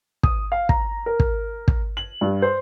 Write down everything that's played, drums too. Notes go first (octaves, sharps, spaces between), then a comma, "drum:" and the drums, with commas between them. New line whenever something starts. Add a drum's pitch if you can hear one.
D#6, drum: kick
F5
A#5, drum: kick
A#4
drum: kick
drum: kick
F#7
G2
C5